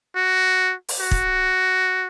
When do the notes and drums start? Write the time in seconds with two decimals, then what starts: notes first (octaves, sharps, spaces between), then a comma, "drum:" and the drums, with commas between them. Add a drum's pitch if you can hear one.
0.16 F#4
0.89 drum: open hi-hat
1.00 F#4
1.11 drum: kick